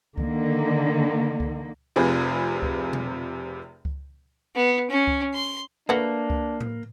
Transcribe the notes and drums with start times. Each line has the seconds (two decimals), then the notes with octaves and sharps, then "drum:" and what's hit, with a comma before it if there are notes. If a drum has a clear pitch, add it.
0.18 D3 D#3 A#3, drum: kick C#2
1.40 drum: kick C#2
1.96 F1 C3 F3 F4 G#4 B4
2.62 drum: kick C#2
2.93 drum: tom B2
3.85 drum: kick C#2
4.55 B3
4.90 C#4
5.07 drum: kick C#2
5.34 C6
5.89 A3 A#3 D4 F#4 B4
6.30 drum: kick C#2
6.61 drum: tom A2